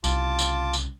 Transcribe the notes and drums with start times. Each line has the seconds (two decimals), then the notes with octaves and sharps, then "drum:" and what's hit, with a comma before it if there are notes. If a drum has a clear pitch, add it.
0.04 C2 C#3 F4 A5 D6, drum: tambourine
0.39 drum: tambourine
0.73 drum: tambourine